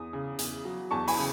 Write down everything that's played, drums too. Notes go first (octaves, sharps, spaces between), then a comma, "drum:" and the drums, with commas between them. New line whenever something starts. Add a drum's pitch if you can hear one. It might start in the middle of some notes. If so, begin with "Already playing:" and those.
Already playing: E2 D#6
C#3
E2, drum: hi-hat
F#3
E2 A5 C#6
G#5 B5, drum: open hi-hat
C#3